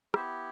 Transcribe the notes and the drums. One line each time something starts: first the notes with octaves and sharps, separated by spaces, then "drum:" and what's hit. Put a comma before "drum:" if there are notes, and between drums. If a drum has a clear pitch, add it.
B3 E4 G4 C5 E5, drum: rim click